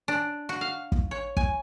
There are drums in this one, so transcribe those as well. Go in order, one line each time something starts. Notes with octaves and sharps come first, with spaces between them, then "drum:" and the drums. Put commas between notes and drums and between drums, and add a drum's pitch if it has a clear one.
D4
F#4
F5
drum: kick
C#5
G#5, drum: kick